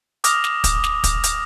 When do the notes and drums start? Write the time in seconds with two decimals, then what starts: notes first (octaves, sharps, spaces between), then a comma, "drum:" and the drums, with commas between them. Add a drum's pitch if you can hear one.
0.24 D6 D#6 F6 A#6 F7, drum: hi-hat
0.44 drum: snare
0.64 drum: kick, hi-hat
0.84 drum: snare
1.04 drum: kick, hi-hat
1.23 drum: hi-hat